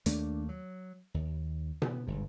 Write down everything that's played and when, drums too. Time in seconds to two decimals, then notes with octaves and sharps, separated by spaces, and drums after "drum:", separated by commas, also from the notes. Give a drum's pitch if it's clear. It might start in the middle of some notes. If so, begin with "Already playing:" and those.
0.06 D#2 A3 A#3 D4, drum: hi-hat
0.49 F#3
1.14 D#2
1.82 B3, drum: tom B2
2.07 G1 G#2